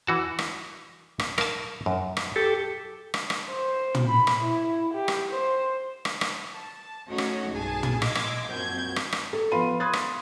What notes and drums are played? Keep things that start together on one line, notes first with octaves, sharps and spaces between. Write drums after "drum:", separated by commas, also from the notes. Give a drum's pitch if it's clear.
E3 F#4 A5
drum: rim click
drum: rim click
A#4 F5 A5, drum: rim click
F#2
drum: rim click
G4 A4
drum: rim click
drum: rim click
C5
drum: tom
B5
drum: rim click
E4
G4
drum: rim click
C5
drum: rim click
drum: rim click
A5
A3 C#4 D#4 F#4 C#5 D#5
drum: rim click
B1 G2 G#4 G#5 A5
drum: tom
D#5 F5 C6 D6 E6 G#6, drum: rim click
drum: rim click
A#1 F#2 C4 F#4 G6 G#6
drum: rim click
drum: rim click
A4
F3 B3 F5 B5 C6 D#7
B5 C6 D#6 F#6 G#6 A6
drum: rim click